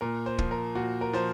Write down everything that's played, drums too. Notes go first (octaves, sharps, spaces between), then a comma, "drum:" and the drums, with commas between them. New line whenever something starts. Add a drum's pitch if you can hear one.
A#2 A#4
C5
F3, drum: kick
A#4
A#2 F#4
A#4
F3 C5